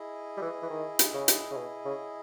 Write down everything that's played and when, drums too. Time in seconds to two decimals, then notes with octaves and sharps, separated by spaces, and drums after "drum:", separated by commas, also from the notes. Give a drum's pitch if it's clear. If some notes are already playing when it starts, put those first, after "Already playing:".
Already playing: E4 G#4 D#5
0.37 G3
0.41 E3
0.62 E3
0.70 D#3
0.99 drum: hi-hat
1.14 C#3
1.28 drum: hi-hat
1.51 C#3
1.57 B2
1.85 C#3